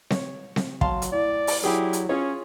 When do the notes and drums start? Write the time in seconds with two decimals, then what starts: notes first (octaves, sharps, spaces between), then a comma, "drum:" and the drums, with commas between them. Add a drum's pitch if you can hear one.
0.10 C#5, drum: snare C4
0.56 drum: snare C4
0.81 F#3 F5 A5 C6, drum: kick
1.02 drum: hi-hat
1.12 A2 D5
1.47 drum: open hi-hat
1.64 F#3 E4 G4 G#4
1.93 drum: hi-hat
2.09 C#4 F4 G#4 C#5